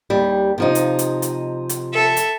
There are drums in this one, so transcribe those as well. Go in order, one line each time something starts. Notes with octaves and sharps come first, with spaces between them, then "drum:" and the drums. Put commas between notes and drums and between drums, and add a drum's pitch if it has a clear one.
D#2 G3
C3 F3 D#4
drum: hi-hat
drum: hi-hat
drum: hi-hat
drum: hi-hat
A4 E5
drum: hi-hat